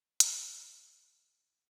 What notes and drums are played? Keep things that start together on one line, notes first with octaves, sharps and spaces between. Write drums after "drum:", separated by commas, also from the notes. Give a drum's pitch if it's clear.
F#4 D5 E5, drum: hi-hat